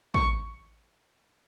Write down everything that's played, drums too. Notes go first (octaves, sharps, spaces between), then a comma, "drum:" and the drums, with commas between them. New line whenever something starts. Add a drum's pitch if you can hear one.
C#6, drum: kick